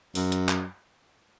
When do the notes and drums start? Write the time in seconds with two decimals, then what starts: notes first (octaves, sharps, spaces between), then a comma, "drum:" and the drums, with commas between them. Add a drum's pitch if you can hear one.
0.15 F#2, drum: open hi-hat
0.32 drum: hi-hat
0.49 drum: clap